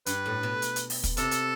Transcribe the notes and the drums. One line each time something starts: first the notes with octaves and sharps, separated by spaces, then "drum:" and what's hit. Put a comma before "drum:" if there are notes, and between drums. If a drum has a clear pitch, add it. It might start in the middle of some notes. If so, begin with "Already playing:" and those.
G2 B4, drum: hi-hat
A2
B2
drum: hi-hat
drum: hi-hat
drum: open hi-hat
drum: kick, hi-hat
C3 A4, drum: hi-hat
drum: hi-hat